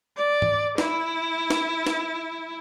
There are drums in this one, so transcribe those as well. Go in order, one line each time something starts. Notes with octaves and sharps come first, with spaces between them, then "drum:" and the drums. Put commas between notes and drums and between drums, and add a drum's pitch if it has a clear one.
D5
drum: tom G#2
E4, drum: snare
drum: snare
drum: snare